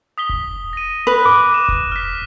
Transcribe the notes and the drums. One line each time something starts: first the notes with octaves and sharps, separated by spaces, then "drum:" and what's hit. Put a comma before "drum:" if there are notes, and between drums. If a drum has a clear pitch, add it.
D#6 B6 G7
drum: kick E1
A#6 D#7
B4 D#6 F#6
D6
E7
drum: kick E1
F6 B6